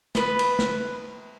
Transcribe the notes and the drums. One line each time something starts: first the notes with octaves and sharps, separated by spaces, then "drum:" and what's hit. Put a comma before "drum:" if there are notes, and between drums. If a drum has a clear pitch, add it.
B3 B4, drum: snare
drum: cymbal
drum: snare